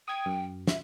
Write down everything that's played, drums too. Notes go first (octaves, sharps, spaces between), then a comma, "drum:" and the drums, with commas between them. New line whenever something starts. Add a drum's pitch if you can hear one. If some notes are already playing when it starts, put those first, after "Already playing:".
G5 D#6 G#6
F#2
E5, drum: snare